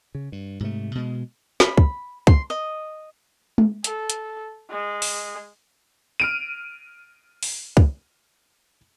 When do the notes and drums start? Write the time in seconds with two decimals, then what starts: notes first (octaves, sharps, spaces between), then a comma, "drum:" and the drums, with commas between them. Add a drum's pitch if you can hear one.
0.15 C#3
0.32 G2
0.60 G#2 C3 A3
0.95 B2 G#3
1.60 B5, drum: snare
1.77 drum: kick
2.27 C6, drum: kick
2.50 D#5
3.58 drum: tom
3.84 A4, drum: hi-hat
4.10 drum: hi-hat
4.70 G#3
5.02 drum: open hi-hat
6.20 F6 D7 D#7
7.43 drum: open hi-hat
7.77 drum: kick